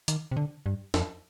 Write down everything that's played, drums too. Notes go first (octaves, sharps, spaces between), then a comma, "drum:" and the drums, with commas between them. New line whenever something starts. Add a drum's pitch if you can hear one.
D#3, drum: hi-hat
C3
D3
G2
F2, drum: snare